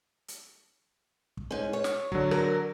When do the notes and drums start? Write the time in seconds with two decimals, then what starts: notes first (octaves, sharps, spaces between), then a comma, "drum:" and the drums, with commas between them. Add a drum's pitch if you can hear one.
0.28 drum: hi-hat
1.37 drum: kick
1.51 G#2 C#4
1.73 C#5
1.84 drum: snare
2.12 D3 F#3, drum: kick
2.31 A#4, drum: rim click